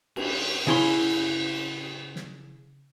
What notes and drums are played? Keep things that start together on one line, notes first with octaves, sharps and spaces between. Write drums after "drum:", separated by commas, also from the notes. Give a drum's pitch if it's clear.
drum: cymbal
C#3 E4 C6
drum: snare